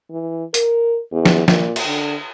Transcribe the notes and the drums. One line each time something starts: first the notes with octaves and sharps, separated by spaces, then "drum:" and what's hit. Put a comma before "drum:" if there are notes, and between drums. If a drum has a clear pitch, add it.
E3
A#4, drum: hi-hat
E2
drum: snare
A#2, drum: snare
drum: cymbal
D3